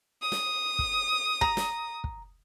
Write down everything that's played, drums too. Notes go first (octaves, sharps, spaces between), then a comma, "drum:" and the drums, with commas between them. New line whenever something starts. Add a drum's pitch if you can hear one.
D#6
drum: snare
drum: kick
A#5, drum: kick
drum: snare
drum: kick